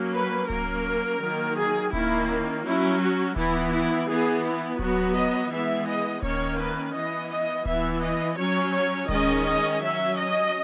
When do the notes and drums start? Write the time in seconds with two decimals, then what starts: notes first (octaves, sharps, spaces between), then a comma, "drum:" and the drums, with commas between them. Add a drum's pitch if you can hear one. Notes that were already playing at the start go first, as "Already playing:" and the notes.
Already playing: F#3 A#3 C#4
0.14 B4
0.50 F#3 A#3 C#4 A#4, drum: kick D1
1.21 D#3 F#3 A#3
1.57 G#4
1.93 D#3 A#3 C#4 E4, drum: kick D1
2.64 F#3 C#4 E4
3.00 F#4
3.36 E3 B3 E4, drum: kick D1
3.72 E4
4.08 E3 B3 G#4
4.43 E4
4.79 F#3 B3 F#4, drum: kick D1
5.15 D#5
5.51 E3 G#3 B3 E5
5.87 D#5
6.23 D#3 A#3 C#4 C#5, drum: kick D1
6.59 B4
6.94 E3 B3 D#5
7.30 D#5
7.65 E3 B3 E5, drum: kick D1
8.02 D#5
8.37 F#3 C#4 C#5
8.73 C#5
9.09 D#3 G#3 C#4 D#5, drum: kick D1
9.45 D#5
9.81 F#3 C#4 E5
10.17 D#5